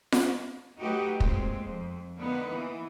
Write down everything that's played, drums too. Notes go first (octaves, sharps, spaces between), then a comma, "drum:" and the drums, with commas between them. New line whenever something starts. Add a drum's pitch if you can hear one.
drum: snare F4
F#3 A3 D#4 F#4 G4 B4
A#2 G#3 C4, drum: kick
F2
D3 A#3 B3 D#4 B4
E3